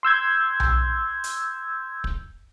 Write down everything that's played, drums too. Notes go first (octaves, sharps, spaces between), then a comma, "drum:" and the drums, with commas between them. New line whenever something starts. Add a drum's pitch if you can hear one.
C6 E6 G6 G#6
drum: tom B1
drum: hi-hat
drum: kick